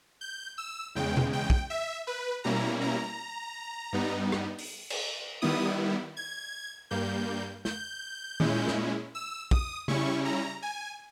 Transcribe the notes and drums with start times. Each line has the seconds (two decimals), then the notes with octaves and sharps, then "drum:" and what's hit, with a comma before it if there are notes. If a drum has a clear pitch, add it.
0.21 G6
0.58 E6
0.95 E2 C#3 G#3 G5
1.17 drum: tom B2
1.33 G5
1.50 drum: kick
1.70 E5
2.07 B4
2.44 B2 G3 A#3 C#4 E4 A#5
2.81 A#5
3.93 G2 G3 B3 D#4
4.32 drum: rim click
4.58 drum: open hi-hat
4.90 drum: cymbal
5.42 D#3 G3 B3 E4 D#6
6.17 G#6
6.91 G2 G3 A#3 G6
7.65 G6, drum: snare
8.40 A#2 G#3 C#4 E4, drum: tom
8.68 drum: snare
9.15 E6
9.51 D#6, drum: kick
9.88 C#3 G3 C#4 E4 C#6, drum: tom C#3
10.25 A#5
10.62 G#5